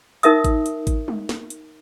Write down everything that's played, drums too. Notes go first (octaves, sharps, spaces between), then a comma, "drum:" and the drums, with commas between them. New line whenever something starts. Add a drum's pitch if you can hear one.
D#4 A#4 E5 D#6, drum: hi-hat
drum: kick G#1, hi-hat
drum: hi-hat
drum: kick G#1, hi-hat
drum: tom G3
drum: snare
drum: hi-hat